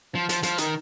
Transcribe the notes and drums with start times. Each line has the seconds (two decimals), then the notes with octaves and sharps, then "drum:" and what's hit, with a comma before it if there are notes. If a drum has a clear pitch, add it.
0.15 F3
0.29 F3, drum: hi-hat
0.43 F3, drum: hi-hat
0.58 D#3, drum: hi-hat